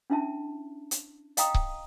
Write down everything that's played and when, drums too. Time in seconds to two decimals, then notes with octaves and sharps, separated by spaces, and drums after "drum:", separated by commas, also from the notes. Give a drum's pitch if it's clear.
0.10 C#4 D4 E4 E5 A5
0.91 drum: hi-hat
1.37 D#5 F5 G5 A#5 D#6, drum: hi-hat
1.54 drum: kick C#1